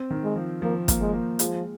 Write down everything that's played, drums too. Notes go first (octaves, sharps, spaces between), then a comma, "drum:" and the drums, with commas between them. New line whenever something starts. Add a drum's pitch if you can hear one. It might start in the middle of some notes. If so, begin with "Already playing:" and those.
Already playing: C4
D#3
G#3
F3
F3 A#3
A#3, drum: kick, hi-hat
G#3
A#3
F3 G#3, drum: hi-hat